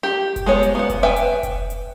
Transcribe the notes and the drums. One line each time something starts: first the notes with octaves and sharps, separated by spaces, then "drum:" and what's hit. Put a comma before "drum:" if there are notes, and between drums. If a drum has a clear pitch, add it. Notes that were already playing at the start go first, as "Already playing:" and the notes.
G4
drum: kick F1, hi-hat
G#3 B3 C#5
drum: hi-hat
B3 F#5
drum: kick F1, hi-hat
B4 E5 G5 G#5
drum: hi-hat
drum: kick F1, hi-hat
drum: hi-hat